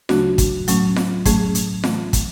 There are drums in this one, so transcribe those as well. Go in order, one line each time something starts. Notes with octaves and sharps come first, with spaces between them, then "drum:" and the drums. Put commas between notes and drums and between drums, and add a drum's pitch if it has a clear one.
D2 C#3 F#3 A3 D4 F#4, drum: snare F4
drum: kick, hi-hat
A2 F#3 A3 C#4, drum: hi-hat
drum: snare F4
A2 F#3 A3 C#4 G#4, drum: kick, hi-hat
drum: hi-hat
A2 E3 A3 C#4, drum: snare F4
drum: kick, hi-hat